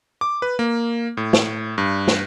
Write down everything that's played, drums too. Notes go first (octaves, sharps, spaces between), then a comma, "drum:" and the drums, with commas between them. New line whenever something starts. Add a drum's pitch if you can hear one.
D6
B4
A#3
A2
drum: snare
G2
drum: snare